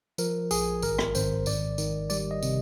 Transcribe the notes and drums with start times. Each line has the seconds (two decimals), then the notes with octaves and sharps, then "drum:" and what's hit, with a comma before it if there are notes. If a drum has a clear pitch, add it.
0.18 F3 A#4, drum: tambourine
0.51 A#1 G#4, drum: tambourine
0.82 G#1 A#4, drum: tambourine
0.99 drum: rim click
1.15 G#1 C5, drum: tambourine
1.46 G#1 D5, drum: tambourine
1.78 D#3, drum: tambourine
2.10 G3 D5, drum: tambourine
2.31 D#5
2.43 C3, drum: tambourine